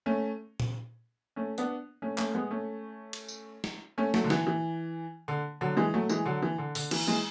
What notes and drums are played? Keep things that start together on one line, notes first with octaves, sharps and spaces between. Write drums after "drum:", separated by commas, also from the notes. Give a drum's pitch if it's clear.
A3 C#4
drum: tom A#2
A3 C#4
B3 D4, drum: hi-hat
A3 C#4
A3 C#4, drum: clap
G#3 B3
A3 C#4
drum: cymbal
drum: tambourine
drum: snare
A3 C#4
F#3 A3, drum: snare
D3
E3, drum: snare
E3
D3
D3 F#3
E3 G#3
F#3 A3
E3 G#3, drum: tambourine
D3 F#3
E3
D3
D3, drum: open hi-hat
E3, drum: cymbal
E3 G#3